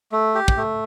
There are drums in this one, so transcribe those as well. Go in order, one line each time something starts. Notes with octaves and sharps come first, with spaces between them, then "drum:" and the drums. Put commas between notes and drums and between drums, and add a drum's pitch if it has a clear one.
A3
G4
drum: kick
A3